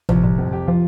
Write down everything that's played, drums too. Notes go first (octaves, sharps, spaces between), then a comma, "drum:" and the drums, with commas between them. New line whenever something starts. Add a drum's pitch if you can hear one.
C2 F3, drum: tom
C2
F2
G4
F3 F4